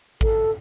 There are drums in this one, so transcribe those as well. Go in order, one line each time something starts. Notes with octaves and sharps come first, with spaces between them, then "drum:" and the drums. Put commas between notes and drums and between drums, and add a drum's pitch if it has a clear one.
A4, drum: kick A1